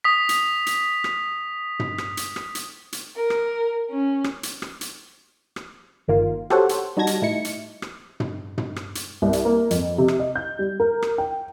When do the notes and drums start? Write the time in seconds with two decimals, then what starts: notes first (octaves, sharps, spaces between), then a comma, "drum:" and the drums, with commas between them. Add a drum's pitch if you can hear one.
0.04 D#6 B6
0.29 drum: hi-hat
0.66 drum: hi-hat
1.04 drum: rim click
1.79 drum: tom
1.98 drum: rim click
2.17 drum: hi-hat
2.36 drum: rim click
2.55 drum: hi-hat
2.92 drum: hi-hat
3.14 A#4
3.30 drum: rim click
3.89 C#4
4.24 drum: rim click
4.43 drum: hi-hat
4.62 drum: rim click
4.81 drum: hi-hat
5.56 drum: rim click
6.08 G1 D#3 A#3 F4
6.50 F#4 G4 A4 C5 C#5 F#5, drum: rim click
6.69 drum: hi-hat
6.97 G3 D#4 F#4 A5 G#6 A#6
7.07 drum: hi-hat
7.22 A2 D#4 E4 C#7
7.45 drum: hi-hat
7.82 drum: rim click
8.20 drum: tom
8.58 drum: tom
8.76 drum: rim click
8.95 drum: hi-hat
9.22 C2
9.33 drum: hi-hat
9.45 A#3
9.71 F2, drum: hi-hat
9.98 C3
10.08 drum: rim click
10.19 D#5
10.35 G6
10.59 G3
10.80 A#4
11.02 drum: rim click
11.18 G5